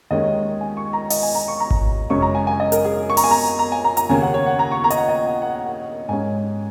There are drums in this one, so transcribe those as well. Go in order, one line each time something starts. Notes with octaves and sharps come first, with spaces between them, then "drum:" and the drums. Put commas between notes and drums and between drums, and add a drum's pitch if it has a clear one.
D#2 D#3 G#3 C#4 D#5
G#5
C#6
A#5
D#5, drum: open hi-hat
G#5
A#5
C#6
A#5
drum: kick G#1
F#2 C#3 G#3 C#4 C#6
A#5
G#5
G#5
D#5
A#4, drum: hi-hat
G#4
C#6
A#5, drum: open hi-hat
G#5
A#5
A#5
G#5
A#5
A#5, drum: hi-hat
D#2 C#3 A#3 C#4 G#5
F#5
C#5
F#5
A#5
C#6
A#5
D#5, drum: hi-hat
F#5
D#5
F#5
F#5
F#5
G#2 G#3 C#4 G#5